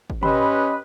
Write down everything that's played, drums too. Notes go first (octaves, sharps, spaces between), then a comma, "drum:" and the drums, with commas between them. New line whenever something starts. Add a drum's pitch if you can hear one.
drum: kick G#1
C#4 G4 B4 D#5 B5 C6 E6, drum: tom